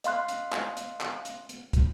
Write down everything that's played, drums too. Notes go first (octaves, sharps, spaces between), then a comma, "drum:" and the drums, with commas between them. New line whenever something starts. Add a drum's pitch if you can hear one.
D#5 F5 C6 F#6, drum: hi-hat
drum: hi-hat
drum: clap
drum: hi-hat
drum: clap
drum: hi-hat
drum: hi-hat
drum: kick, hi-hat